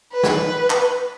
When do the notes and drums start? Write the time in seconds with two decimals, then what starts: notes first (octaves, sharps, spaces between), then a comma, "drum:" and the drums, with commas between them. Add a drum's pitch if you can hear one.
0.13 B4
0.23 drum: snare
0.70 drum: clap